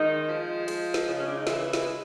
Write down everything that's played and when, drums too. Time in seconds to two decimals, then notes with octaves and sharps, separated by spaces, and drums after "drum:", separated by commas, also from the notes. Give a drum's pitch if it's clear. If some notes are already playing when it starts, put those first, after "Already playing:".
Already playing: D#3 G#3 D#4
0.28 F3
0.68 G#3, drum: cymbal
0.94 drum: snare
1.08 C#3
1.16 C#4
1.27 D4
1.36 D#4
1.47 E3 G#3 E4, drum: snare
1.73 drum: snare
1.86 G#3